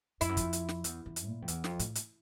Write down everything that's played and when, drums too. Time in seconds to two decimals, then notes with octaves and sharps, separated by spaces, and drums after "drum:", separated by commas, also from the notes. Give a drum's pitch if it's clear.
0.21 F2 E4, drum: hi-hat
0.29 F#2
0.37 F2, drum: kick, hi-hat
0.53 drum: hi-hat
0.69 drum: snare
0.84 E2, drum: hi-hat
1.06 E2
1.16 drum: hi-hat
1.27 A#2
1.42 F2
1.48 E2, drum: hi-hat
1.64 F2, drum: snare
1.79 A2, drum: hi-hat
1.95 drum: hi-hat